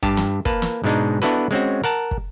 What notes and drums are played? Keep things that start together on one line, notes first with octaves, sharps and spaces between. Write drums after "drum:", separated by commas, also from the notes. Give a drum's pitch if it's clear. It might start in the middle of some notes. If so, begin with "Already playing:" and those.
G2 G4 A5, drum: kick
drum: snare
A#3 B4 A5, drum: kick
drum: snare
G#2 B2 G#3 D4 D#4
B3 D4 E4 F#4 A4 B4
G#3 C4 C#4 F#4
A#4 F#5 A5
drum: kick